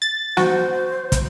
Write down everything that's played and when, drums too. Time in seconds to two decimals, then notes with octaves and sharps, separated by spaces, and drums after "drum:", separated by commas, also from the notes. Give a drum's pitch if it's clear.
0.02 A6
0.37 F#4 C5, drum: snare
1.12 drum: kick, hi-hat